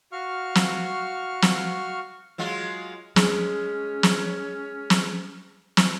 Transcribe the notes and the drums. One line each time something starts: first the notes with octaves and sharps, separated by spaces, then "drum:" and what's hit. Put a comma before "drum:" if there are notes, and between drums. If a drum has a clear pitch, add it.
F#4 F5 C#6 F6
drum: snare
drum: snare
F#3 G#3 F4
G#3 C#4, drum: snare
drum: snare
drum: snare
drum: snare